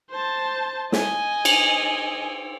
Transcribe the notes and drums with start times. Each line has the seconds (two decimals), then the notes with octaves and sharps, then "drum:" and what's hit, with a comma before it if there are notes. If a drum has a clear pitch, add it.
0.11 C5 A5
0.92 D#5 G#5, drum: snare
1.45 drum: cymbal